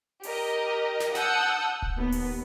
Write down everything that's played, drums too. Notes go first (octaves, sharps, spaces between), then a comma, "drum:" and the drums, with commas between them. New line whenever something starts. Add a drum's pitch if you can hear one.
G4 A#4 D#5, drum: open hi-hat
drum: snare
F#5 A5 D#6 E6 F#6 G6, drum: snare
drum: kick D1
D#2 B3
drum: open hi-hat